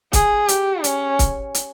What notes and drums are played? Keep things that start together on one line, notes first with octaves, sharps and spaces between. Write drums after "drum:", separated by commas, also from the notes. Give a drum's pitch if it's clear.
G#4, drum: kick, hi-hat
G4, drum: hi-hat
C#4, drum: hi-hat
drum: kick, hi-hat
drum: hi-hat